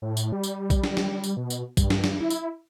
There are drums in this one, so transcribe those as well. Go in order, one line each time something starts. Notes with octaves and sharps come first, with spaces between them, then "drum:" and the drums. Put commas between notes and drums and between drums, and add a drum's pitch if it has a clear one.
A2
drum: tambourine
G3
drum: tambourine
drum: kick A#1, tambourine
drum: snare
drum: snare
drum: tambourine
B2
drum: tambourine
G2, drum: kick A#1, tambourine
drum: snare
drum: snare
E4
drum: tambourine